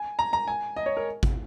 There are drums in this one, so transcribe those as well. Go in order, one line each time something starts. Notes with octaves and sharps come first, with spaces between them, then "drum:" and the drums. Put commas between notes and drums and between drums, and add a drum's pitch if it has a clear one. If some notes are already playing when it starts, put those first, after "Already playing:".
Already playing: G#5
A#5
A#5
G#5
D#5
C#5
A#4
drum: kick G#1